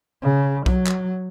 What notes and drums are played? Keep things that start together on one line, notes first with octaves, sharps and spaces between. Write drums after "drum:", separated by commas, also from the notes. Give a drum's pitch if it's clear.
C#3
F#3, drum: kick B1
drum: clap